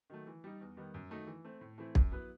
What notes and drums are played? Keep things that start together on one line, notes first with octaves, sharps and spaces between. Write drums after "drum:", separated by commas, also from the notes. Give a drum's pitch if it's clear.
D#3 F#3 A3
E3
G3 D#4
E2
D#3 G3 B3
F#2
D#3 F#3 A3 D#4
E3
A3 C4
A2
E3 A3 C4 E4
F#2, drum: kick
F#3 B3 E4 B4